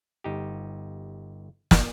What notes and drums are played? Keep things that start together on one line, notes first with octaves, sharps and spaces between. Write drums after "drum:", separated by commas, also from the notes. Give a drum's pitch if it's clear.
G1 D#4 G4
drum: snare